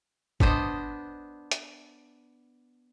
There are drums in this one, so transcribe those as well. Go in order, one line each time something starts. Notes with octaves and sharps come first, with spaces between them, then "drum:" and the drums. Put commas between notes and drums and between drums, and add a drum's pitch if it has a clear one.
B3 D4 C5 D#5, drum: kick
drum: hi-hat